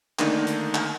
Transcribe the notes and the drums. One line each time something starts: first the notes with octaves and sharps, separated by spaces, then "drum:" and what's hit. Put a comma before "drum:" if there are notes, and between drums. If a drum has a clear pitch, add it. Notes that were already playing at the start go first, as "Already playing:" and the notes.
D3 D#3 A3 A#3 D4 D#4, drum: clap
drum: hi-hat
drum: clap